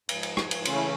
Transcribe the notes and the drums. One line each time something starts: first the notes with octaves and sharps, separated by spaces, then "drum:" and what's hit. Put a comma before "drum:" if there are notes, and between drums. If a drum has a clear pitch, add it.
G#2 F3 G#3, drum: cymbal
drum: cymbal
drum: rim click
drum: cymbal
C#3 E3 A3 C#4 F4, drum: cymbal
E4